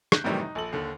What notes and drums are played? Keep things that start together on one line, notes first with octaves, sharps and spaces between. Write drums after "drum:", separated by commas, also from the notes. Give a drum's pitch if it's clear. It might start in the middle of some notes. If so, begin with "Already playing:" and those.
F#6 G6, drum: rim click
F#2 A2 C3 D#3 E3 G3
D#4
A#1 A4 F#7
D#2 D3